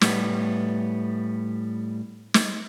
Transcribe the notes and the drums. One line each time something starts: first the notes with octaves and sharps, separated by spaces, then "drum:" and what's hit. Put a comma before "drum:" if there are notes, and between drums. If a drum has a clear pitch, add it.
A2 G3 B3, drum: snare
drum: snare